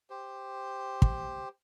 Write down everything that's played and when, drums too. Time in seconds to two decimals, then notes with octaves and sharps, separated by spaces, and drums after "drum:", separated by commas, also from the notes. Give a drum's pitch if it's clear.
0.10 G4 C5
1.02 drum: kick